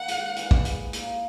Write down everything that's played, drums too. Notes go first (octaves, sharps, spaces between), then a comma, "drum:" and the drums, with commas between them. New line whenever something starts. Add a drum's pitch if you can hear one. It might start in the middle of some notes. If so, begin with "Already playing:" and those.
Already playing: D#3 A#3 F#5
G#2, drum: hi-hat
E3, drum: hi-hat
drum: kick
G#4, drum: hi-hat
A#3, drum: hi-hat